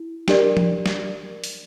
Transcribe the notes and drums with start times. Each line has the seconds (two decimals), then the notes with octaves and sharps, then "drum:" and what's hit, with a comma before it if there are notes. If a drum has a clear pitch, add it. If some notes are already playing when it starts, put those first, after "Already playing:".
Already playing: E4
0.28 D4 G4 A#4 D5, drum: snare
0.57 drum: tom F3
0.86 drum: snare
1.44 drum: open hi-hat